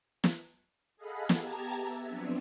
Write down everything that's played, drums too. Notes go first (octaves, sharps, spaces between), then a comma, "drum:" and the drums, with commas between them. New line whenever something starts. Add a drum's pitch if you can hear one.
drum: snare
G#4 A4 D#5 F5 F#5 B5
B3 G4 A5 A#5 G#6, drum: snare
E5
F3 F#3 B3 C4 D4